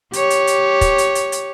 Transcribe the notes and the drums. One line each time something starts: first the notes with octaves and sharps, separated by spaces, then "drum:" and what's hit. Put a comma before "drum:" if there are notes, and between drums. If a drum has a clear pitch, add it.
G4 C#5, drum: hi-hat
drum: hi-hat
drum: hi-hat
drum: kick, hi-hat
drum: hi-hat
drum: hi-hat
drum: hi-hat